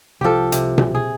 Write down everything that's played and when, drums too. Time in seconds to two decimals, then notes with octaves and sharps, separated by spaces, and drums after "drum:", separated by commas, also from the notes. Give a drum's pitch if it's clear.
0.21 C2 F3 G4 A4
0.52 C3, drum: hi-hat
0.78 drum: tom B2
0.95 G#4